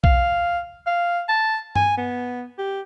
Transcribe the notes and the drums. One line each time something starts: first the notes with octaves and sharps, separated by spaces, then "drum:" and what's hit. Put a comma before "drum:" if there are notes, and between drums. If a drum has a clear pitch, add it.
F5, drum: kick B1
F5
A5
G#5, drum: tom G2
B3
G4